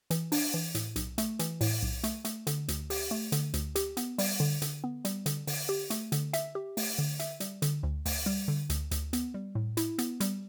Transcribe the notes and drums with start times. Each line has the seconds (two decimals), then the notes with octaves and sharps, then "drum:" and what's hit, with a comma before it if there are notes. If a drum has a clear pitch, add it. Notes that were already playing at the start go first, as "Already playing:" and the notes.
0.10 E3, drum: hi-hat
0.32 D4, drum: open hi-hat
0.54 E3
0.75 A2, drum: hi-hat
0.96 B1, drum: hi-hat
1.18 A3, drum: hi-hat
1.39 E3, drum: hi-hat
1.61 A2, drum: open hi-hat
1.83 B1
2.04 A3, drum: hi-hat
2.25 A3, drum: hi-hat
2.47 D3, drum: hi-hat
2.68 D2, drum: hi-hat
2.90 G4, drum: open hi-hat
3.11 A3
3.32 D3, drum: hi-hat
3.54 D2, drum: hi-hat
3.76 G4, drum: hi-hat
3.97 B3, drum: hi-hat
4.18 G3, drum: open hi-hat
4.40 D3
4.62 D3, drum: hi-hat
4.84 B3
5.05 G3, drum: hi-hat
5.26 D3, drum: hi-hat
5.47 D3, drum: open hi-hat
5.69 G4
5.90 A3, drum: hi-hat
6.12 D3, drum: hi-hat
6.33 E5, drum: hi-hat
6.55 G4
6.77 A3, drum: open hi-hat
6.99 D3
7.19 E5, drum: hi-hat
7.40 G3, drum: hi-hat
7.62 D3, drum: hi-hat
7.83 D2
8.06 D2, drum: open hi-hat
8.26 G3
8.48 D3
8.70 D2, drum: hi-hat
8.91 D2, drum: hi-hat
9.13 B3, drum: hi-hat
9.34 G3
9.55 A2
9.77 E4, drum: hi-hat
9.98 B3, drum: hi-hat
10.20 G3, drum: hi-hat